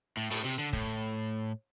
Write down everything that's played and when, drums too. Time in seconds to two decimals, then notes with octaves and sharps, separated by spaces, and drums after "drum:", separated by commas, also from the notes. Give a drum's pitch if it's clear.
0.17 A2
0.31 A2, drum: open hi-hat
0.45 C3
0.59 D3
0.73 A2, drum: kick